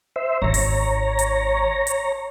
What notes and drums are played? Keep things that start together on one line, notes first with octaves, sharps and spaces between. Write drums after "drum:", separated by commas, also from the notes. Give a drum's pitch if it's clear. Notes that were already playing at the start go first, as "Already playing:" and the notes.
C5 E5
G#1 D#3 C#5 A#5
drum: open hi-hat
drum: hi-hat
drum: hi-hat